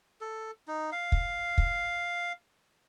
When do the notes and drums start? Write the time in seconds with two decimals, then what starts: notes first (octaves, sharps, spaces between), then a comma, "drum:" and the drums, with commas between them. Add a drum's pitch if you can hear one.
0.21 A4
0.68 D#4
0.92 F5
1.12 drum: kick
1.58 drum: kick